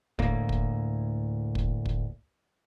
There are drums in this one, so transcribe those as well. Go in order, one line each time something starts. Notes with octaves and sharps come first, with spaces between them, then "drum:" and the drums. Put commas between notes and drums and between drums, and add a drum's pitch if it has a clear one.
D2 A2 A#3, drum: kick
drum: kick
drum: kick
drum: kick